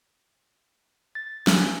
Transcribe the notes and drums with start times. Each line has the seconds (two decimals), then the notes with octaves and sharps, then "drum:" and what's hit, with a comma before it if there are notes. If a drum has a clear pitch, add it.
1.15 A6
1.47 C#4, drum: snare